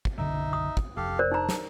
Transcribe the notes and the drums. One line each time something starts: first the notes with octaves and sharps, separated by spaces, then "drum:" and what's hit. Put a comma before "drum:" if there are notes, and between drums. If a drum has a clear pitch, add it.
drum: kick
F#1 B1 D3 D#4 E5
D#6
drum: kick
F1 G4 A4 F5
A#4 C5 D5
D4 D#4 A#5
drum: snare